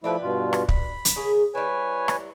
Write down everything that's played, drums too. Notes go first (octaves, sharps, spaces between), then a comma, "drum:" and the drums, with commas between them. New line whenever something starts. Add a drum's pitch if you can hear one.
F3 A3 D4 E4 G4 B4
G2 B2 F4
drum: rim click
B5, drum: kick
drum: hi-hat
C#3 G#4 A#4
G3 E4 B4 C#5 G#5
drum: rim click